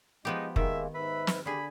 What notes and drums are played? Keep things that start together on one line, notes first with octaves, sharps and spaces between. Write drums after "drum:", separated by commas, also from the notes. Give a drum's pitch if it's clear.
F3 G#3 B3 D#4 G4
D#3 G#3 A#3 E5, drum: kick
G#2 B4 E5 B5
drum: snare
D3 G4 G#4 B5